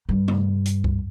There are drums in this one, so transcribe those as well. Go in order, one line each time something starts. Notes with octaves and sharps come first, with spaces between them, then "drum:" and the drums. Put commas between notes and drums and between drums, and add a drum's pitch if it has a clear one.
G2
drum: tom
drum: hi-hat
drum: kick C#2